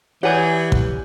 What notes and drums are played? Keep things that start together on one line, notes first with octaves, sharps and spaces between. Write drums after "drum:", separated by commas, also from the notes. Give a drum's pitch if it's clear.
E3 G4 C#5 D5 F#5 G#5 G6
drum: kick